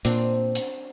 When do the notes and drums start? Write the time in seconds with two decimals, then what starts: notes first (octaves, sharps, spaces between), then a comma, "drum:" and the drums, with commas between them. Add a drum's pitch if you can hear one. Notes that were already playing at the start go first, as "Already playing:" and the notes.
0.05 A#2 C4 D4, drum: hi-hat
0.55 drum: hi-hat